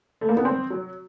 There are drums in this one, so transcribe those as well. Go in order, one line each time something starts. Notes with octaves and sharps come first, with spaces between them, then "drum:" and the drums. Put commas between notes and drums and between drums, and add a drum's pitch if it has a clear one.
A3
A#3
B3, drum: tom
C4
F#3